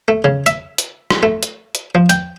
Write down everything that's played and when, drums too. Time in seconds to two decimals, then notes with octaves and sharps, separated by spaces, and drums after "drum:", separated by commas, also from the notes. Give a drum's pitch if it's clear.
0.08 A3
0.24 C#3
0.46 E5, drum: hi-hat
0.78 drum: hi-hat
1.10 drum: rim click
1.23 A3
1.43 drum: hi-hat
1.75 drum: hi-hat
1.95 F3
2.09 G5, drum: hi-hat